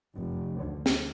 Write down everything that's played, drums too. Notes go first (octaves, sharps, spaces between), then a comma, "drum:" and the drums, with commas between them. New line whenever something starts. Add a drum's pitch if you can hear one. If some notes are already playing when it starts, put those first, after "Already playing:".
F1
D2
drum: snare